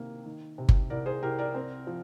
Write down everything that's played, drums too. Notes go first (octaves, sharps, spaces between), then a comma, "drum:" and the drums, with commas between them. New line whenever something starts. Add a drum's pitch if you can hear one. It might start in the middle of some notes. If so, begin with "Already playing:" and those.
Already playing: C3 D#3 A#3
D#3
C3
drum: kick G1
C2 A#4 D5
G#4 C5
C2 G4 A#4
A#4 D5
C4
F3